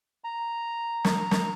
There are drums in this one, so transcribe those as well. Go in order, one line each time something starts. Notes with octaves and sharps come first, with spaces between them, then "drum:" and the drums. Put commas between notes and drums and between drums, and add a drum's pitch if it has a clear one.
A#5
drum: snare
drum: snare